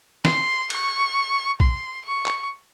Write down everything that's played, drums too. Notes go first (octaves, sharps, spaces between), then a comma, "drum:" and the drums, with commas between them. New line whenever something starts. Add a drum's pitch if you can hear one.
C6, drum: snare
C#6, drum: cymbal
C6, drum: kick
C#6
drum: clap